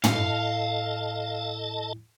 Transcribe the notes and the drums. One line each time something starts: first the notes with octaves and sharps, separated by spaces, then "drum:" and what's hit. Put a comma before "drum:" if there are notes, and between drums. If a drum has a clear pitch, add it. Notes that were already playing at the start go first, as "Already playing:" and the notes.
A2 E4 A4 D#5 F5 A5 C#7, drum: tom